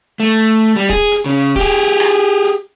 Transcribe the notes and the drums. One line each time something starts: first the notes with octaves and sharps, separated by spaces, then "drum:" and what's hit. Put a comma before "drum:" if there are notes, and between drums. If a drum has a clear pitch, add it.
A3
G3
G#4, drum: kick D1
drum: hi-hat
C#3
G4 G#4, drum: kick D1
drum: rim click
drum: hi-hat